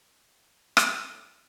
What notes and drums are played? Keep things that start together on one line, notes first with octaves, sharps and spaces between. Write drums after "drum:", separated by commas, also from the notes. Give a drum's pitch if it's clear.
B2, drum: rim click
A2